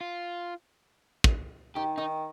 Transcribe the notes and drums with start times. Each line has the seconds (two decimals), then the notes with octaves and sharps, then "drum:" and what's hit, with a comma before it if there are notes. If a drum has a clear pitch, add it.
0.01 F4
1.24 drum: kick
1.75 D#3 G4
1.98 D#3 D#4